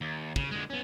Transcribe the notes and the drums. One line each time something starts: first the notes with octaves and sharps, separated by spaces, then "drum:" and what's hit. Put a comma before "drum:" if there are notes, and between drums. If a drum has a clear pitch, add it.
D#2
C#3, drum: kick
D3 G#3
B3 C#4